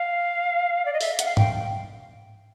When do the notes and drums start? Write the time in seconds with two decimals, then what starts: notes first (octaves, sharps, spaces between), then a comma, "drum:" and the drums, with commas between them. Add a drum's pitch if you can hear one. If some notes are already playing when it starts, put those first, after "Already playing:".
Already playing: F5
0.85 D5
0.93 D#5
1.01 E5, drum: open hi-hat
1.19 F#5, drum: hi-hat
1.25 F5
1.37 G5, drum: tom G#2